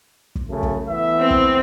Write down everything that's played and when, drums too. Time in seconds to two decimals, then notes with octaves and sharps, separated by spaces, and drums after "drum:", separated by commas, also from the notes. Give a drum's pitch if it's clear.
0.35 drum: kick
0.49 F#2 C#3 A3
0.63 drum: kick
0.88 E3 A3 B3 E5
1.20 C4
1.30 drum: kick